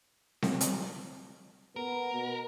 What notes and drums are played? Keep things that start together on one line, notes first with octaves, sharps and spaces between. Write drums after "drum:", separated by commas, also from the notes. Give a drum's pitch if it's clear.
drum: snare C4
drum: hi-hat
B3 A#4
B2